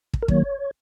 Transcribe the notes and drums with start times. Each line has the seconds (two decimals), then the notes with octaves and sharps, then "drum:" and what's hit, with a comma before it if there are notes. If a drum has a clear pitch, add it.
0.13 drum: kick
0.23 A#4
0.28 D#3 F#3 A#3 C#5, drum: kick